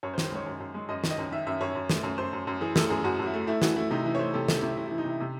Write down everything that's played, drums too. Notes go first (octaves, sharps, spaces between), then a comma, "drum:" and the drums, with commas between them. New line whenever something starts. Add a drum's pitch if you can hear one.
F#2 C#5
C5
D#3, drum: snare
C5
G#3 C#5
F#2
F#2
G#3
F#2 D#5
D#3, drum: snare
D#5
F#2
D#3 E5
F#2 E5
F#2 C#5
F#2
A3, drum: snare
F#2
F#2 C5
F#2
F#2
E3 G#4
A3 A4, drum: snare
F#2 G#4
F#2 F#4
F#2 F#4
E4
A3
A3 E4
E3 F#4, drum: snare
A3 E4
C3 D#4
E3 E4
C#5
A3 C5
C3 A4
A3 A4, drum: snare
C3 E4
C3 E4
E4
E3
D#4
C3 E4
C3